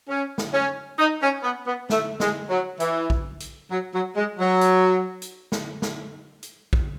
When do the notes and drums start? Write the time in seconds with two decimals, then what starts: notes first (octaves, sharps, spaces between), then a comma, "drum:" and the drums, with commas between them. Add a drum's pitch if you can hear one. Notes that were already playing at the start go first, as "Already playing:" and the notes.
0.08 C#4
0.38 drum: snare
0.53 C#4
0.98 D#4
1.21 C#4
1.43 B3
1.66 B3
1.90 A3, drum: snare
2.20 G#3, drum: snare
2.49 F#3
2.80 E3, drum: hi-hat
3.10 drum: kick
3.40 drum: hi-hat
3.70 F#3
3.93 F#3
4.16 G#3
4.39 F#3
4.61 drum: hi-hat
5.22 drum: hi-hat
5.52 drum: snare
5.82 drum: snare
6.43 drum: hi-hat
6.73 drum: kick